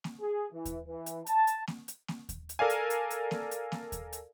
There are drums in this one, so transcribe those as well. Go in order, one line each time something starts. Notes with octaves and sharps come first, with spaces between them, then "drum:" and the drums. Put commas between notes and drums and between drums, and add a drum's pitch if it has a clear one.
drum: snare A#3
G#4
E3
drum: kick D#2, hi-hat
E3
drum: hi-hat
A5, drum: hi-hat
drum: hi-hat
drum: snare A#3
drum: hi-hat
drum: snare A#3
drum: kick D#2, hi-hat
drum: hi-hat
A4 A#4 D5 F5 G#5
drum: hi-hat
drum: hi-hat
drum: hi-hat
drum: snare A#3
drum: hi-hat
drum: snare A#3
drum: kick D#2, hi-hat
drum: hi-hat